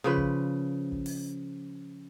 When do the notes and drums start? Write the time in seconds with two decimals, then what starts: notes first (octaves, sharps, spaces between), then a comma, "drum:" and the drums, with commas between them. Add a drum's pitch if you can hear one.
0.04 C#3 F3 B4
0.17 drum: kick
0.92 drum: kick
1.06 drum: open hi-hat